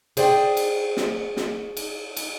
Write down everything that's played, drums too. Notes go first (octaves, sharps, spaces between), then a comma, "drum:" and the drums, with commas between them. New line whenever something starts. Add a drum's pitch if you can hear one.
G#4 C5 D5 F#5 G5, drum: cymbal
drum: cymbal
drum: snare
drum: snare
drum: cymbal
drum: cymbal